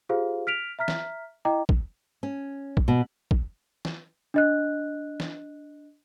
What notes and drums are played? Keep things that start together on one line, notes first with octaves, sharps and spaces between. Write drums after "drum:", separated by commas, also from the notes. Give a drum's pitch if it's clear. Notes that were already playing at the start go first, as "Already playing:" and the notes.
F4 G4 G#4 C5 F5
F6 B6 D7 F7
E5 A#5 F6 B6
drum: snare
E4 D#5 G5 A#5 D6
drum: kick
C#4
drum: kick
B2
drum: kick
drum: snare
D4 D#5 F#6
drum: snare